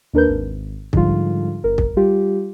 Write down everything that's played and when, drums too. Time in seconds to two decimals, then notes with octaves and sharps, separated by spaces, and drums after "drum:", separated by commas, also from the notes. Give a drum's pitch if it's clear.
0.13 D#2 D4 A#4 B4 G6
0.28 G#1
0.93 G#2 D3 F3 G3 F4, drum: kick
1.64 G1 A#4
1.78 drum: kick
1.97 G3 F4 G4